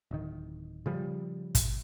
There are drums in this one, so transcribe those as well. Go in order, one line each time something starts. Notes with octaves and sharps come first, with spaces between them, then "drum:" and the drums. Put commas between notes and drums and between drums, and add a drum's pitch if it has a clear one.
D1 D#3
C#3 F3 G3
drum: kick, hi-hat